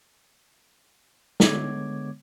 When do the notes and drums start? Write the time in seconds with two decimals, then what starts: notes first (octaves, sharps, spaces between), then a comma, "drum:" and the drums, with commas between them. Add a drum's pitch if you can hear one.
1.40 D3 G#3 B3 C#5 D6 G#6, drum: snare